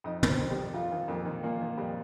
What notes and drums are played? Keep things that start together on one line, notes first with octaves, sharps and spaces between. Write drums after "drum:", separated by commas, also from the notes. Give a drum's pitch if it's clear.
F2 D#4 D#5
D#3, drum: tom
C4 C5
F2
G3 G4
F2
F2 F3 F4
D#3
F2 A#2 A#3
D#3
F2 A#2 A#3
D#3
F2 G3